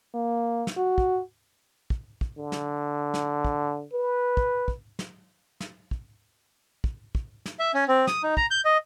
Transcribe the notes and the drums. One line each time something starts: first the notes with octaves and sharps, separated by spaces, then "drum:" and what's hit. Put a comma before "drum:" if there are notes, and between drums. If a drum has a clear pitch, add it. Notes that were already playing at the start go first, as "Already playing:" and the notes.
A#3
drum: snare
F#4
drum: kick
drum: kick
drum: kick
D3
drum: snare
drum: snare
drum: kick
B4
drum: kick
drum: kick
drum: snare
drum: snare
drum: kick
drum: kick
drum: kick
drum: snare
E5
C#4
C4
D#6, drum: snare
D#4
A#5, drum: kick
G6
D#5